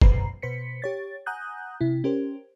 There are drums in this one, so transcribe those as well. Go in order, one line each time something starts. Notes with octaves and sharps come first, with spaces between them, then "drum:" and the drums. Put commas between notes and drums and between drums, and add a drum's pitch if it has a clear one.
F#2 B2 B4 C5 A#5 C7, drum: kick
B2 B4 C5 B6 C#7
G4 C#5 A6
F#5 G#5 A#5 D#6 F#6 G6
C3 E4
C#4 G4 A#4 C5